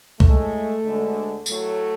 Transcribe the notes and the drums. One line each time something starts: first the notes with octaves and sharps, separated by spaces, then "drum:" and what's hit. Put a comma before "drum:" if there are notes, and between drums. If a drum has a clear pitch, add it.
A2 G#3 A3, drum: kick C2
D2 D3 G#3
A2 F#3 A3, drum: tambourine